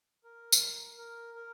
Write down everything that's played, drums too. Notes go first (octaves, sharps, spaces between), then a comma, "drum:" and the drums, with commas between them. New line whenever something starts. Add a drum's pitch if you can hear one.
A#4
drum: tambourine
A#4
A#4